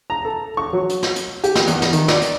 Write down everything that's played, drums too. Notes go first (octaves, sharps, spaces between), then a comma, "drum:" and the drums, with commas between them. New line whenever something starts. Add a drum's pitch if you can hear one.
A#5
A4
C#6
F#3
drum: hi-hat
drum: snare
drum: hi-hat
G4, drum: hi-hat
drum: snare
E2, drum: hi-hat
drum: snare
D#3, drum: hi-hat
D5, drum: snare
drum: hi-hat